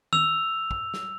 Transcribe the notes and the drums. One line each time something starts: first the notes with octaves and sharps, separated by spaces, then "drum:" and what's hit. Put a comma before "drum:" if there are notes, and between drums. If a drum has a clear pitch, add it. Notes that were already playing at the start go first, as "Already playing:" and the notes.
E6 F7, drum: tom D#3
drum: kick
drum: snare